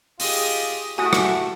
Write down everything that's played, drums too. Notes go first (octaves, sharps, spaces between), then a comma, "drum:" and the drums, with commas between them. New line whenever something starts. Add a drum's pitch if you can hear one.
F4 G4 G#4 D#5, drum: open hi-hat
A3 E4 F#4 G4 G#5 D#6
drum: rim click